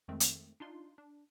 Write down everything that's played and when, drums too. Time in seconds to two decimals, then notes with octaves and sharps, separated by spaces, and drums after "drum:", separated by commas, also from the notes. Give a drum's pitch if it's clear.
0.08 F2 D#3 G#3 A3 C4
0.20 drum: hi-hat
0.60 D4 D#4 F4 C6
0.98 D4